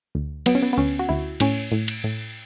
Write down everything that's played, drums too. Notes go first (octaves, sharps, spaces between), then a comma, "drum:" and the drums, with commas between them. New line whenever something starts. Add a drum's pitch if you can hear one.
D2
F#3 B3, drum: cymbal
C#4
B3
B3
D2 C#4
F#4
D2 E4
A2 C#4, drum: cymbal
A2
drum: cymbal
A2